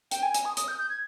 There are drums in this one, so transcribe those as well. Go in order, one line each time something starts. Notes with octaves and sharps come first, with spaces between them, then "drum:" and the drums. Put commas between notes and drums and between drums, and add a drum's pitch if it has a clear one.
G5, drum: hi-hat
G#5
G#5, drum: hi-hat
D#6
D#6, drum: hi-hat
G6
G6
G#6